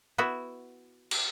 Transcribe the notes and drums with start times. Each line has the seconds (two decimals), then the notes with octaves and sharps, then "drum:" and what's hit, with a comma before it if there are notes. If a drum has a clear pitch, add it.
0.18 B3 E4 F#4
1.11 drum: cymbal